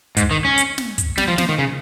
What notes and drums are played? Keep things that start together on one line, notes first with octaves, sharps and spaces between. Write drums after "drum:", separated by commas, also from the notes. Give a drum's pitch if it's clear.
G#2, drum: kick, hi-hat
D#3
C#4
drum: hi-hat
drum: snare
drum: kick, hi-hat
G3, drum: snare
F3
F3, drum: snare
D#3
C#3